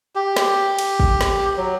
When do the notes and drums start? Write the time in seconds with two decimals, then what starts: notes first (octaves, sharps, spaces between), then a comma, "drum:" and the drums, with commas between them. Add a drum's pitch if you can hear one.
0.15 G4
0.36 drum: snare
0.79 drum: cymbal
1.00 drum: kick
1.21 drum: snare
1.57 F#3